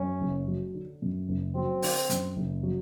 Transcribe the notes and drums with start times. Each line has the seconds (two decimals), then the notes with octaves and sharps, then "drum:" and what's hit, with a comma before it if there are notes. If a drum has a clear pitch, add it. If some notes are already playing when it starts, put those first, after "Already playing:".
Already playing: F#2 C#4
0.21 F#1
0.48 F#3
0.74 D3
1.02 F#2
1.29 F#1
1.55 F#3 C4
1.82 D3, drum: open hi-hat
2.09 F#2, drum: hi-hat
2.37 F#1
2.63 F#3